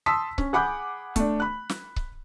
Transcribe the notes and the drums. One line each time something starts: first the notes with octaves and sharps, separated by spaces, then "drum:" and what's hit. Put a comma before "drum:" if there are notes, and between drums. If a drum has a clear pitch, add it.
A5 C6 D#6 E6 B6
C#4, drum: kick C#1
G#4 F#5 B5 D6 F#6 G6
A3 D4, drum: kick C#1, hi-hat
B5 F#6
drum: snare
drum: kick C#1